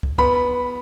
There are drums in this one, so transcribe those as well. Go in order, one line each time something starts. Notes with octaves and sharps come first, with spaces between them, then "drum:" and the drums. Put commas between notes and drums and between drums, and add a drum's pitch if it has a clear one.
drum: kick
B3 B5, drum: kick